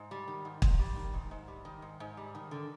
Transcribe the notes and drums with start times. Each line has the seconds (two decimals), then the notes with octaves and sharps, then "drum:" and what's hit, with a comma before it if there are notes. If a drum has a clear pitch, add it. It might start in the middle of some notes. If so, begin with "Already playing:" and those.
Already playing: G#2
0.11 G3
0.28 D#3
0.45 G#2
0.62 G#2, drum: kick
0.79 G3
0.96 D#3
1.14 G#2
1.31 G#2
1.48 G3
1.65 D#3
1.82 G#2
2.00 G#2
2.17 G3
2.35 D#3
2.51 D3